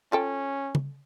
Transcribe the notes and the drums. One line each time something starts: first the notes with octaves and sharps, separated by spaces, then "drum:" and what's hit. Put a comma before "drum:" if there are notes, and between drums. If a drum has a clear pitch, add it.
C#4 F4 A4 G5
drum: tom